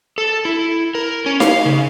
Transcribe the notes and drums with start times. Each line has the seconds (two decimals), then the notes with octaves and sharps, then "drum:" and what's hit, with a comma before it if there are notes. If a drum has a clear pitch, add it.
0.18 A4
0.45 E4
0.95 A#4
1.26 C#4
1.40 F5, drum: snare D#4
1.66 C#3